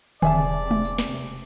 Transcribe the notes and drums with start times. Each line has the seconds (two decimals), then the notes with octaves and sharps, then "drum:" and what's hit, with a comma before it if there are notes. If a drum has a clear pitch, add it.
0.22 E1 C3 G#4 D5 E5 A5, drum: tom D3
0.71 drum: tom G#3
0.85 drum: tambourine
0.98 drum: snare